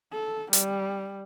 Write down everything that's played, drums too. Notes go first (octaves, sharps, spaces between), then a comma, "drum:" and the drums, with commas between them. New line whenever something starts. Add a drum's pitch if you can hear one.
A4
G3, drum: hi-hat